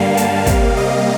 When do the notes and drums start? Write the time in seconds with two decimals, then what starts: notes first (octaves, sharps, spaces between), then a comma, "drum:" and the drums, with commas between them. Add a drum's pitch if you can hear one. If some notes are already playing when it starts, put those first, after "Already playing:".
Already playing: G2 D3 G3 A#3 F5
0.17 A5, drum: hi-hat
0.46 C3 G3 A#3 F5, drum: kick, hi-hat
0.77 D#5